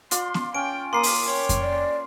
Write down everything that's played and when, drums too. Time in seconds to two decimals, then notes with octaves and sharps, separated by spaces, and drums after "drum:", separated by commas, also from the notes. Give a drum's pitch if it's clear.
0.11 F4 D5 C6, drum: hi-hat
0.34 drum: snare B3
0.55 C#4 G5 D7
0.93 A#3 C6 D#6 C7
1.03 drum: open hi-hat
1.26 C#5 G5
1.49 drum: kick F2, hi-hat
1.61 D5